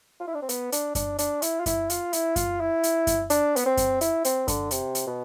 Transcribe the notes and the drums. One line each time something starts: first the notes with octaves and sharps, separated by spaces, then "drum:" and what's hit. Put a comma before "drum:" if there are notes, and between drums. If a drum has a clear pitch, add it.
F4
E4
D4
C4
B3, drum: hi-hat
D4, drum: hi-hat
D4, drum: kick F#2, hi-hat
D4, drum: hi-hat
E4, drum: hi-hat
F4
E4, drum: kick F#2, hi-hat
F4, drum: hi-hat
E4, drum: hi-hat
F4, drum: kick F#2, hi-hat
E4
drum: hi-hat
drum: kick F#2, hi-hat
D4, drum: hi-hat
B3, drum: hi-hat
C4
drum: kick F#2, hi-hat
E4, drum: hi-hat
C4, drum: hi-hat
D3, drum: kick F#2, hi-hat
C3, drum: hi-hat
drum: hi-hat
B2